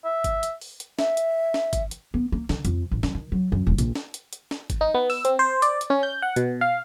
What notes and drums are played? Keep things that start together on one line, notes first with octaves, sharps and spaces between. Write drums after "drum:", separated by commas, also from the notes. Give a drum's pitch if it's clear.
E5
drum: kick G#1, hi-hat
drum: hi-hat
drum: open hi-hat
drum: hi-hat
E5, drum: snare
drum: hi-hat
drum: snare
drum: kick G#1, hi-hat
drum: hi-hat
B3
A#3
D3, drum: snare
F2, drum: hi-hat
A1
F#2, drum: snare
D#3
F#3
F#2
D#1
A#1, drum: hi-hat
drum: snare
drum: hi-hat
drum: hi-hat
drum: snare
drum: kick G#1, hi-hat
D#4
B3
E6, drum: open hi-hat
C4, drum: hi-hat
C5
D5, drum: hi-hat
drum: hi-hat
C#4
G6
F#5
B2, drum: hi-hat
F5